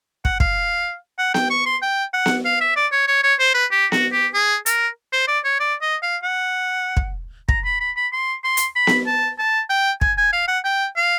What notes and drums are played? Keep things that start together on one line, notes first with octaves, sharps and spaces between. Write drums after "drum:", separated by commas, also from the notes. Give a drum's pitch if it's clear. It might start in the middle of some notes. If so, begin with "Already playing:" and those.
F#5, drum: kick
F5, drum: kick
F#5
G5, drum: snare B3
C#6
C6
G5
F#5
drum: snare B3
F5
E5
D5
C#5
C#5
C#5
C5
B4
G4
F#4, drum: snare B3
G4
G#4
A#4, drum: hi-hat
C5
D5
C#5
D5
D#5
F5
F#5
drum: kick
A#5, drum: kick
B5
B5
B5
C6
C6
drum: hi-hat
B5
drum: snare B3
A5
A5
G5
G#5, drum: kick
G#5
F5
F#5
G5
F5